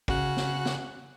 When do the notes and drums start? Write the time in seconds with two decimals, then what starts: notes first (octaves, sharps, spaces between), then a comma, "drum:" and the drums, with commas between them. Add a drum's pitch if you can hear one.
0.08 C#3 F#4 F#6, drum: kick
0.37 drum: snare
0.66 drum: snare